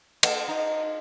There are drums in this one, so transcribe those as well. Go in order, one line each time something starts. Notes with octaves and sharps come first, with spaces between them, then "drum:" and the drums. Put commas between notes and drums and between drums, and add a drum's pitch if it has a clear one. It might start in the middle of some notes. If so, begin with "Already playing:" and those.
A3, drum: cymbal
D#4